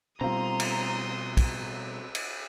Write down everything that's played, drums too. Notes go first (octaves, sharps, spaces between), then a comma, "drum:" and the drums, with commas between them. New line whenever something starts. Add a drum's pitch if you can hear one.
B2 G3 C4 F4 A#5 C6 D#6
drum: cymbal
drum: kick, cymbal
drum: cymbal